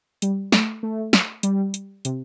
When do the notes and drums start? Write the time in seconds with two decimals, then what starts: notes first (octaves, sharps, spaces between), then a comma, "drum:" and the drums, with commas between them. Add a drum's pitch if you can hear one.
0.22 G3, drum: hi-hat
0.52 A3, drum: snare
0.83 A3
1.13 drum: snare
1.43 G3, drum: hi-hat
1.74 drum: hi-hat
2.05 C3, drum: hi-hat